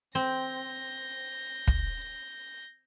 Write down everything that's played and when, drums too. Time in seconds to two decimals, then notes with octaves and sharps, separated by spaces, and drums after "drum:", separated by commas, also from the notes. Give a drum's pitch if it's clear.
0.15 C4 G6 A#6
1.67 drum: kick